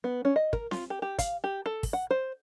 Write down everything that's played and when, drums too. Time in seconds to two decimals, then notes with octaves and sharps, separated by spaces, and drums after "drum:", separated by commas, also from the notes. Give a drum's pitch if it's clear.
0.04 B3
0.25 C#4
0.36 D#5
0.53 A#4, drum: kick
0.71 F4, drum: snare C4
0.90 G4
1.02 G4
1.19 F5, drum: kick, hi-hat
1.44 G4
1.66 A4
1.83 drum: kick, open hi-hat
1.93 F#5
2.11 C5